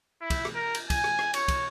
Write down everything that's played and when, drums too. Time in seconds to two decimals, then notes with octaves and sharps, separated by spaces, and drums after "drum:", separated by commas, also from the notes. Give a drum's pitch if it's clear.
0.21 E4
0.30 drum: kick, cymbal
0.45 drum: rim click
0.55 A#4
0.75 drum: cymbal
0.90 G#5, drum: kick, cymbal
1.04 drum: rim click
1.19 drum: rim click
1.34 C#5, drum: cymbal
1.48 drum: kick, cymbal